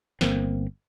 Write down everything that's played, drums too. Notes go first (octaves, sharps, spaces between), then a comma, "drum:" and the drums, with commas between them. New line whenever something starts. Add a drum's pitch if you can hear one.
G1 A#3 C4, drum: snare